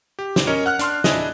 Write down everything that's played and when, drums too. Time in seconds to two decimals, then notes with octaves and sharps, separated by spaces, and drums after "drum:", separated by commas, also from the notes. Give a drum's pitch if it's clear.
0.19 G4
0.36 drum: snare
0.47 C#4 A#4 C#5 D#5
0.66 F#5 F6 F#6
0.79 D4 C6 F6, drum: hi-hat
1.04 D4 E4 G#4 D#5, drum: snare